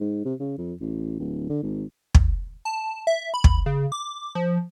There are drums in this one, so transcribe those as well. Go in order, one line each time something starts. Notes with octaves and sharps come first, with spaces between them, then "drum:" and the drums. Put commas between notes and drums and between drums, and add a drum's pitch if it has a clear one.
G#2
C3
C#3
F2
A1
D1
D3
G#1
drum: kick
A5
E5
B5
drum: kick
C#3
D6
F3